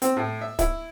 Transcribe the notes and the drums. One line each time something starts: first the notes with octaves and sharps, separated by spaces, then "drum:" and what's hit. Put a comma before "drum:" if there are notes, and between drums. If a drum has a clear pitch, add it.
C4, drum: hi-hat
A2
E5
E4, drum: kick, hi-hat